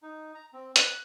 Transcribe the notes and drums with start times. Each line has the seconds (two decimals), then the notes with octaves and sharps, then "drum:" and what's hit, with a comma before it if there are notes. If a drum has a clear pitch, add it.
0.02 D#4
0.35 A#5
0.53 C4
0.76 F#6, drum: hi-hat